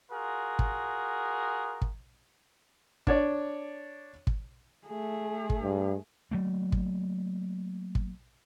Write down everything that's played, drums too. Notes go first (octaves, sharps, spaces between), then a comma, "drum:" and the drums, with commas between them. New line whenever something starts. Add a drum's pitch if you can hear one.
F4 F#4 G#4 A#4
drum: kick
drum: kick
D4 C#5 D5, drum: kick
drum: kick
A3 G#4
drum: kick
G2
F#3 A3 A#3
drum: kick
drum: kick